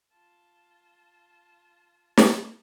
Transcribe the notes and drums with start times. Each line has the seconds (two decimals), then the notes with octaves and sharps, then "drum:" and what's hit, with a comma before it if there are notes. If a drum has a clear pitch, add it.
0.12 F4 A5
2.17 drum: snare